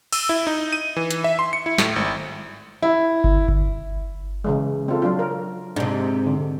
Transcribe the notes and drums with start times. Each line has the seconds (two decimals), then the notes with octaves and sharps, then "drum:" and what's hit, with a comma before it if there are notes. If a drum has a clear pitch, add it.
0.13 E6, drum: cymbal
0.29 E4
0.47 D#4
0.72 D#7
0.96 E3
1.11 drum: hi-hat
1.24 E5
1.39 C6
1.53 C#7
1.66 E4
1.78 A2, drum: snare
1.96 G#1
2.82 E4
3.24 drum: kick G1
3.48 drum: kick G1
4.44 C#3 E3 G#3
4.88 C4 F4 A4
5.02 F#3 D4 F4
5.19 A#4
5.76 G#2 C3 D4
6.26 D3